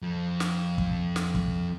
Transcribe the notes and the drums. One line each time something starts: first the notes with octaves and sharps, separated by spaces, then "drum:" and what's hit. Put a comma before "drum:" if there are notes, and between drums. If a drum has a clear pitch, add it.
F2 F3
drum: snare
drum: kick
drum: snare
drum: kick